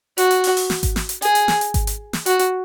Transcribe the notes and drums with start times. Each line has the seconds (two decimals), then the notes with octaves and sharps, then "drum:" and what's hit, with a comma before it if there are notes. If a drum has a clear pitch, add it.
0.18 F#4, drum: hi-hat
0.31 drum: hi-hat
0.44 drum: open hi-hat
0.57 drum: open hi-hat
0.70 drum: snare
0.83 drum: kick G#1, hi-hat
0.96 drum: snare
1.09 drum: hi-hat
1.22 G#4, drum: hi-hat
1.35 drum: hi-hat
1.48 drum: snare
1.61 drum: hi-hat
1.74 drum: kick G#1, hi-hat
1.87 drum: hi-hat
2.13 drum: snare
2.26 F#4, drum: hi-hat
2.39 drum: hi-hat